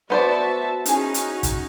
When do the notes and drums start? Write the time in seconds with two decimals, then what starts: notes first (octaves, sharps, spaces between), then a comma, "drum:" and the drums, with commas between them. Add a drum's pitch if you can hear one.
0.10 B3 F#4 C5 D5 E5 A5
0.86 C#4 D#4 E4 F#4 G#4, drum: hi-hat
1.14 drum: hi-hat
1.43 drum: kick, hi-hat